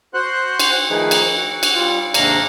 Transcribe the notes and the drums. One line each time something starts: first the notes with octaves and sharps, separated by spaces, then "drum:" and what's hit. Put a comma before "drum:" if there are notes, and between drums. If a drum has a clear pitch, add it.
F#4 C5 F#5 C6 F#6
drum: cymbal
D#3 F3 A3 D#4 G#4 B4
drum: cymbal
F#4 F#5
drum: cymbal
G3 F4
D#2 G#2 C3 D4 F5 A#5, drum: cymbal